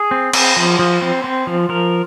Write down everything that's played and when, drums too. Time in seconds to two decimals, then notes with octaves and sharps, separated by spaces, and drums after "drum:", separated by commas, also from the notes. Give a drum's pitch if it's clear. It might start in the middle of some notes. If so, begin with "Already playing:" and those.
Already playing: G#4
0.11 C4
0.33 C4, drum: cymbal
0.57 F3
0.79 F3
1.02 C4
1.24 C4
1.47 F3
1.69 F3 A#4